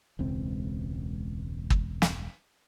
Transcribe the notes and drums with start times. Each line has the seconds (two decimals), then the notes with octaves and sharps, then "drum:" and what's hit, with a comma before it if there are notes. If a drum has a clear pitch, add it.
0.19 E1 C#2 C4
1.70 drum: kick
2.02 drum: snare